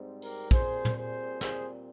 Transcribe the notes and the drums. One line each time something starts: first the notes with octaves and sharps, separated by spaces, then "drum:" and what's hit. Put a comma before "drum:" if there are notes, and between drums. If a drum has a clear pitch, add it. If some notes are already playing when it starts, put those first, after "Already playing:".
Already playing: G#2 G3 C4
G4 A#4, drum: open hi-hat
A#2 G3 C4 G#4 C5, drum: kick
drum: tom
G#4 C5
G#4 C5, drum: snare